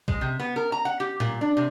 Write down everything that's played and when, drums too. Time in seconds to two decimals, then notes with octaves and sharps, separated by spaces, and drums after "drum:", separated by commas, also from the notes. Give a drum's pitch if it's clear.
0.08 G#3, drum: kick
0.21 C3
0.40 B3
0.56 A#4
0.72 A#5
0.85 F#5
1.00 G4
1.20 A#2, drum: tom
1.41 D4
1.57 C3